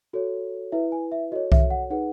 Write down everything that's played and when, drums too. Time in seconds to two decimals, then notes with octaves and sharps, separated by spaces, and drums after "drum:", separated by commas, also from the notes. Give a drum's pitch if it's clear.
0.13 F#4 A4 C#5
0.72 E4 B4 E5
0.92 G#5
1.12 E5
1.31 F#4 A4 C#5 D#5
1.52 E5, drum: kick C2
1.70 F#5
1.90 D#4 G#4 B4 F#5